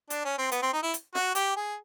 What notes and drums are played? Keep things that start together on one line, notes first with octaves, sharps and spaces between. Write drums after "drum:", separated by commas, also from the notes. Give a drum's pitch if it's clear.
D4, drum: hi-hat
C#4
C4
B3, drum: hi-hat
C4
D#4
E4
drum: hi-hat
F#4, drum: snare
G4, drum: hi-hat
G#4